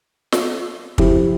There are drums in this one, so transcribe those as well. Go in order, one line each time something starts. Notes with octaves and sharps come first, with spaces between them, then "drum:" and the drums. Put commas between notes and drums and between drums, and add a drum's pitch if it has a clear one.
drum: snare
C3 F3 C4 E4 G4, drum: kick